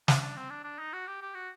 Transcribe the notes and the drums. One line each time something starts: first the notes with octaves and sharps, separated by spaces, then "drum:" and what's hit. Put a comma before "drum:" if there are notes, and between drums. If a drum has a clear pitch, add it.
D4, drum: snare
D4
C4
D4
D4
D#4
F#4
G4
G4
F#4